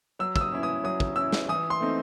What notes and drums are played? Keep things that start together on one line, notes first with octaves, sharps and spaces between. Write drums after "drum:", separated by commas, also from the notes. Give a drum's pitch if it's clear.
F#3 E6
E6, drum: kick
D#6
C#4 E4
D#6
F#3 D#6
drum: kick
C#4 E4 E6
drum: snare
E3 D#6
C6
A3 C4 D#4